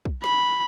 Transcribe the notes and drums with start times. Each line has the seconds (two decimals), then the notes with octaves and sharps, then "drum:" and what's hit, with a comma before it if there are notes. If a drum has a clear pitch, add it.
0.05 drum: kick
0.24 B5, drum: snare